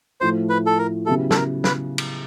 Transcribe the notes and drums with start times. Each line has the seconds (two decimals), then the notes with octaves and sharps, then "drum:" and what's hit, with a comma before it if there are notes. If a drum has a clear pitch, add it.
0.21 A2 F3 A3 C5
0.49 B4
0.66 A4
0.78 A#4
1.06 C#3 F#3 B3 E4 G4 A4
1.31 A4, drum: snare
1.35 A#4
1.64 B4, drum: snare
1.98 drum: cymbal